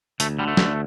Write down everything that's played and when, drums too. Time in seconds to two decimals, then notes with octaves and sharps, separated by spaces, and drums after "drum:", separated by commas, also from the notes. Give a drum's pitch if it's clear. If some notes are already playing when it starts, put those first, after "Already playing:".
0.20 D2 A3, drum: hi-hat
0.39 D3 G3
0.48 A3
0.57 D2, drum: snare